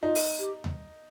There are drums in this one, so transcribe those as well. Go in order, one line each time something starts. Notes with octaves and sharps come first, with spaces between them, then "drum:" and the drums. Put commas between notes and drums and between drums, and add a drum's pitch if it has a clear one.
D#4 F4
drum: open hi-hat
G4
drum: tom D#2